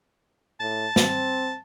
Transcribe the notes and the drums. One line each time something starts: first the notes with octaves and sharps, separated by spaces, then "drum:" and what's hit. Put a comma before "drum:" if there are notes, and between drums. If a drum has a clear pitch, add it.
A2 A5
C4, drum: snare